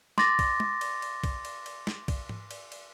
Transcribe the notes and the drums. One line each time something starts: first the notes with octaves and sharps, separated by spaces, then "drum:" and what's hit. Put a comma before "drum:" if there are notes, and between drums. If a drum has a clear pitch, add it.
C6 D6 A6 A#6, drum: snare
drum: kick B1, cymbal
drum: tom
drum: cymbal
drum: cymbal
drum: kick B1, cymbal
drum: cymbal
drum: cymbal
drum: snare
drum: kick B1, cymbal
drum: tom G#2
drum: cymbal
drum: cymbal